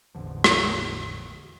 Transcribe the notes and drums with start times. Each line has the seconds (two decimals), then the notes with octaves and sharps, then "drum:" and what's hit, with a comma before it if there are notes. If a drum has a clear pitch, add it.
0.15 A1 E2 D3 F3
0.44 drum: rim click